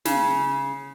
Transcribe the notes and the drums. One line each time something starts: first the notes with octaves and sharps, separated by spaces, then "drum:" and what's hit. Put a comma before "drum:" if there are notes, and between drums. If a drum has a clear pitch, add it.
C#3, drum: snare